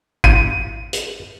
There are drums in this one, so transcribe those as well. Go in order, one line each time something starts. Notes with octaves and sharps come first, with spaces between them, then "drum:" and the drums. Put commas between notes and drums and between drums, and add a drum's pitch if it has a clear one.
D#7, drum: kick
drum: hi-hat